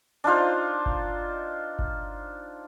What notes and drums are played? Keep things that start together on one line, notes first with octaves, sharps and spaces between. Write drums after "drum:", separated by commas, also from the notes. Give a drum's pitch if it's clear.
D4 D#4 F4 C5
drum: kick G1
drum: kick G1